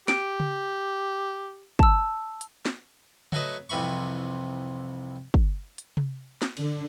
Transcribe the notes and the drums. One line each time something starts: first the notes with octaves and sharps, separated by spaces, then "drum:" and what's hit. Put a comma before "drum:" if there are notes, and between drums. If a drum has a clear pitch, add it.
G4 D7, drum: snare
drum: tom C#3
A5 E6, drum: kick
drum: hi-hat
drum: snare
F#3 A3 F#4 B4 D#5, drum: tom C#3
C2 F2 C3 E3 B5 C#6
drum: kick
drum: hi-hat
drum: tom C3
drum: snare
D3, drum: cymbal